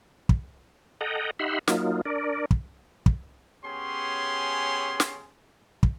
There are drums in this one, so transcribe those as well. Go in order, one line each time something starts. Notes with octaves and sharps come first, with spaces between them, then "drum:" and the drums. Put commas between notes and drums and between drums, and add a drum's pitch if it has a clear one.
drum: kick
A4 D#5 F#5 G5 A#5
D#4 G4 E5 F#5 B5 C6
F#3 A#3 D#4 F4, drum: snare
D4 A#4 D5
drum: kick
drum: kick
B3 C#4 G4 G#4 C#5 C6
drum: snare
drum: kick